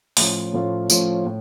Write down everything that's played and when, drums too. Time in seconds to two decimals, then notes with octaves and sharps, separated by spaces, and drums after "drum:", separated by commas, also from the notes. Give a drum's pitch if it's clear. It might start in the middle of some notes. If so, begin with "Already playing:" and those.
0.17 A2 F3 A3 C#4 F4, drum: open hi-hat
0.53 A2 F3 A3 C#4 F4
0.90 A2 F3 A3 C#4 F4, drum: tambourine
1.26 A2